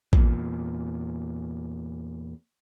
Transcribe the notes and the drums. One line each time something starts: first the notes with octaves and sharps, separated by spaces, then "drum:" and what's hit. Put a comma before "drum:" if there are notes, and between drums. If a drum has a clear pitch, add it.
E2 A#2, drum: kick